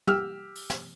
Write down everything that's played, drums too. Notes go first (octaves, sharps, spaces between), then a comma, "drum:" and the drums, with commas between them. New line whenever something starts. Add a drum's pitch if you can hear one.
G4 E6 F6, drum: tom
drum: open hi-hat
drum: snare